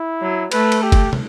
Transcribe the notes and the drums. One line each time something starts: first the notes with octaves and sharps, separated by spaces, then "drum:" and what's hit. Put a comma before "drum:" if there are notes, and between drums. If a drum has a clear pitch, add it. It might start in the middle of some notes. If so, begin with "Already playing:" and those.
Already playing: E4
F#3
A3 B4, drum: cymbal
drum: cymbal
G4
drum: kick, cymbal
drum: tom